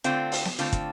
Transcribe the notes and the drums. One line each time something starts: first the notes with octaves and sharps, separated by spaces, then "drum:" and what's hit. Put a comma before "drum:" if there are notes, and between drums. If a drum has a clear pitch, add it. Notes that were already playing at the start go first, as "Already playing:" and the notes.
D3 A3 C4 F4, drum: hi-hat
drum: open hi-hat
drum: snare B3
D3 A3 C4 F4, drum: hi-hat
drum: kick, hi-hat